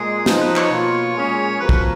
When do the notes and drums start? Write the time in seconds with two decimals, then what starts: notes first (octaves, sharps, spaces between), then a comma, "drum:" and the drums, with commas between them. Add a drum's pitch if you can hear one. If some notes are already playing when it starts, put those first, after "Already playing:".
Already playing: A#2 G#3 G#4
0.26 F3 B3 D#4, drum: snare
0.41 B4
0.56 C#5, drum: clap
0.71 B2 A#3 F4
1.15 A#2 G#3 C#4 G#4
1.60 F3 B3 F#4 A#4 B4
1.69 drum: kick